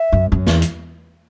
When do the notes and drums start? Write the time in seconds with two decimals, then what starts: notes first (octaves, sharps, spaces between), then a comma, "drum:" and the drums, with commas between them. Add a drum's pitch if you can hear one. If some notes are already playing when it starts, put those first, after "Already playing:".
Already playing: E5
0.12 F#2
0.32 F#2
0.47 E2, drum: snare
0.62 drum: hi-hat